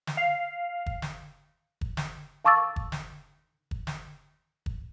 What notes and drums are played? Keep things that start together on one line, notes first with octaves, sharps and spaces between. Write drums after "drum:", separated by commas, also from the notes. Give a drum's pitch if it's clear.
drum: snare
F5
drum: kick
drum: snare
drum: kick
drum: snare
F5 A5 C#6 D6 E6 A6
drum: kick
drum: snare
drum: kick
drum: snare
drum: kick